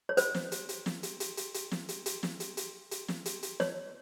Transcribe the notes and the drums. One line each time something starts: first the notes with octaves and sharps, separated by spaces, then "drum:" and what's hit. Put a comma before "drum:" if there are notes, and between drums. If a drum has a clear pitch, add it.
C#5
C5, drum: hi-hat
drum: snare
drum: hi-hat
drum: hi-hat
drum: snare
drum: hi-hat
drum: hi-hat
drum: hi-hat
drum: hi-hat
drum: snare
drum: hi-hat
drum: hi-hat
drum: snare
drum: hi-hat
drum: hi-hat
drum: hi-hat
drum: snare
drum: hi-hat
drum: hi-hat
C#5, drum: snare